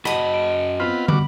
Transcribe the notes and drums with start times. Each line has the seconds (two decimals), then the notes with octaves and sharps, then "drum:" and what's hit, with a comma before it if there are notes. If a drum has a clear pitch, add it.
0.05 F#2 F#4 D#5 A5 B5 D#6, drum: rim click
0.34 D7
0.80 B3 C4 F4 B4 F6
1.08 G2 F#4 B5 D6, drum: tom